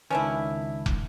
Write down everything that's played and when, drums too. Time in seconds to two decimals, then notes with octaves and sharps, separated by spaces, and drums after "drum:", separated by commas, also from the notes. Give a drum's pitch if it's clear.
0.10 C#2 D#3 C#4 D4 E4
0.86 drum: kick